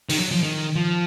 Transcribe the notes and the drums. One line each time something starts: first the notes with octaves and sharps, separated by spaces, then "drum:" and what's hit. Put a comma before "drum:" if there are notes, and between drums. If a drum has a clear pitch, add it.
D#3, drum: open hi-hat
F#3
F3
D#3
F3